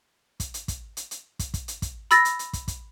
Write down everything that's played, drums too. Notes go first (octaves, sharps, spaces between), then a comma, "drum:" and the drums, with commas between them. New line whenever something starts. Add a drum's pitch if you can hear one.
drum: kick, hi-hat
drum: hi-hat
drum: kick, hi-hat
drum: hi-hat
drum: hi-hat
drum: kick, hi-hat
drum: kick, hi-hat
drum: hi-hat
drum: kick, hi-hat
B5 E6 A6 A#6, drum: hi-hat
drum: hi-hat
drum: hi-hat
drum: kick, hi-hat
drum: kick, hi-hat